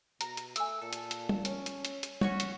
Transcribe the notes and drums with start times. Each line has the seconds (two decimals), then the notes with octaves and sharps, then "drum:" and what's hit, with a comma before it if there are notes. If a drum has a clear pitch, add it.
0.21 B2 A#5, drum: hi-hat
0.37 drum: hi-hat
0.56 A3 G#5 E6, drum: hi-hat
0.82 A#2 A4
0.93 drum: hi-hat
1.11 drum: hi-hat
1.29 drum: tom
1.45 C#4, drum: hi-hat
1.66 drum: hi-hat
1.85 drum: hi-hat
2.03 drum: hi-hat
2.21 C#4 F#4 C#5 C#6, drum: tom
2.40 drum: hi-hat